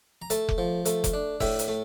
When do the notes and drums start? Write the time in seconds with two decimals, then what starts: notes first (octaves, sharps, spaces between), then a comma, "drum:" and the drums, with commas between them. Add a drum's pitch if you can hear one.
0.22 A#5
0.30 A3 A5, drum: hi-hat
0.49 drum: kick F1
0.58 F3
0.85 A3, drum: hi-hat
1.04 drum: kick F1, hi-hat
1.13 D4
1.40 A2 E5, drum: kick F1, open hi-hat
1.59 drum: hi-hat
1.68 A3